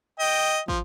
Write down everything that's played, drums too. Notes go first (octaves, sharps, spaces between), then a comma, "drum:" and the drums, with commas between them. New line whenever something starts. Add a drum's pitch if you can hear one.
D#5 G5
F3, drum: kick